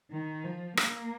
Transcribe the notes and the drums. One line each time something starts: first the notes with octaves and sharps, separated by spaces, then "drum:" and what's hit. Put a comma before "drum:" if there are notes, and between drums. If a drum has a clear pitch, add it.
D#3
F3
A#3, drum: rim click